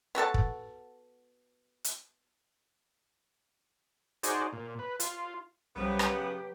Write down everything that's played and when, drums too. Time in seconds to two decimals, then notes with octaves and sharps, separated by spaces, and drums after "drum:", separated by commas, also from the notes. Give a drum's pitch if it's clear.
0.15 B3 F#4 A4 A5
0.34 drum: kick
1.84 drum: hi-hat
4.23 D#4 F#4 G#4 C5 D5, drum: hi-hat
4.53 A#2
4.79 B4
5.00 F4, drum: hi-hat
5.76 B1 C#3 F#3 G3 B3 G4 C5
5.99 drum: rim click
6.12 B4